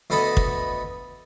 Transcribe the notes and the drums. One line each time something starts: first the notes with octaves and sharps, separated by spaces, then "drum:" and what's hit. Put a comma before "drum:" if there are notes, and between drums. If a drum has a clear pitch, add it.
D2 B3 A4 D#5 B5
drum: kick